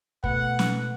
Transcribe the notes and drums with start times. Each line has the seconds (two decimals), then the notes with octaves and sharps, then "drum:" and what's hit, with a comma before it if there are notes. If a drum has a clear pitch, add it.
0.24 B2 A3 B4 F#5, drum: kick
0.59 drum: snare